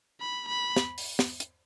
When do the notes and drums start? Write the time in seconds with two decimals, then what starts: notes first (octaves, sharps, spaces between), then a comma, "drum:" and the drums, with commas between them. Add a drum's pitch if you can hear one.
0.20 B5
0.49 B5
0.77 drum: snare
0.98 drum: open hi-hat
1.19 drum: snare
1.40 drum: hi-hat